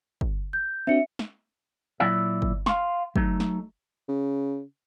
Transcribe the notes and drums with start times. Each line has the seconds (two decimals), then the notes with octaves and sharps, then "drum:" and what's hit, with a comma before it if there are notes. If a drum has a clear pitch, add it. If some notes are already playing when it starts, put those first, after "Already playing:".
0.21 drum: kick
0.53 G6
0.87 C4 D4 F#4 E5 C#7
1.19 drum: snare
2.00 A#2 F#3 E4 D5 E5
2.42 drum: kick
2.66 F5 C6, drum: snare
3.16 F#3 A3 D#4, drum: kick
3.40 drum: snare
4.09 C#3